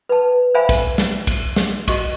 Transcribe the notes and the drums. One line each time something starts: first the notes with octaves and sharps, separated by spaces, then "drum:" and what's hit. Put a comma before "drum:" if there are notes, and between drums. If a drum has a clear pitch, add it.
B4 A5
C5 E5 F5 G#5 B5
drum: kick, cymbal
drum: snare
drum: kick, cymbal
drum: snare
F#4 D#5 C#6, drum: kick, cymbal